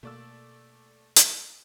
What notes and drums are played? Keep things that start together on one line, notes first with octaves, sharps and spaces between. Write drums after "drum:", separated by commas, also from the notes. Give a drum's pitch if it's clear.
B2 A3 A#3 D5 E6
drum: hi-hat